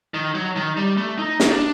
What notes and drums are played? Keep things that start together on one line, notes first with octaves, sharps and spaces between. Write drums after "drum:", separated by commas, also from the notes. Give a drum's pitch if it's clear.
D#3
F#3
D#3
G3
A3
D#4
drum: snare
D4